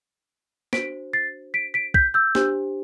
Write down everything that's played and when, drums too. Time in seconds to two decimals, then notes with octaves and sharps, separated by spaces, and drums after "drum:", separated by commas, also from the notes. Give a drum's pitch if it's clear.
0.73 D4 F#4 C5 B6 D7, drum: snare
1.13 A6 C7
1.54 B6 D7
1.74 B6 D7
1.94 G6 B6, drum: kick C2
2.14 E6 G6
2.35 D4 G4 C5, drum: snare